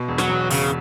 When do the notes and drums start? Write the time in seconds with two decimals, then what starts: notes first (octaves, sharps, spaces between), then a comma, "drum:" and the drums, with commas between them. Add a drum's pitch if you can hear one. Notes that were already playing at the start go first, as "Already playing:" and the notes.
Already playing: B2
0.08 E1
0.18 F#3, drum: snare
0.29 E1
0.51 E1 C#3, drum: open hi-hat